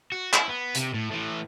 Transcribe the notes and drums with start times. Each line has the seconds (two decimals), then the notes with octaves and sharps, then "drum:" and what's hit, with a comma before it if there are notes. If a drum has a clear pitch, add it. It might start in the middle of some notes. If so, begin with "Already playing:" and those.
0.12 F#4
0.33 E4, drum: clap
0.48 B3
0.75 C3, drum: hi-hat
0.94 A2
1.11 A2 E3